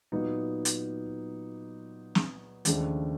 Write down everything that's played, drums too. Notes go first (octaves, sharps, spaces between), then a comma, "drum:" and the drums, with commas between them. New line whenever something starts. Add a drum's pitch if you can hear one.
A#2 F#3 B3 D#4
drum: hi-hat
drum: snare
D#2 C#3 F3 A3 D4, drum: hi-hat